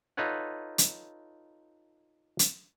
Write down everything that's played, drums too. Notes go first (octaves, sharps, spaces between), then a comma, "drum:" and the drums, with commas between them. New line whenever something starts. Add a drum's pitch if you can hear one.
D#4 F4 A4 B4 C#5 F#5
drum: hi-hat
drum: hi-hat